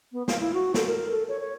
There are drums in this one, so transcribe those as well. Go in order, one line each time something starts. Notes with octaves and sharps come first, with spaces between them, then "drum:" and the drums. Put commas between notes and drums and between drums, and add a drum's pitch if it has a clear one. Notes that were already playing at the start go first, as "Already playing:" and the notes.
B3
F5, drum: snare
E4
F#4
A4, drum: snare
A#4
A4
C#5
C#5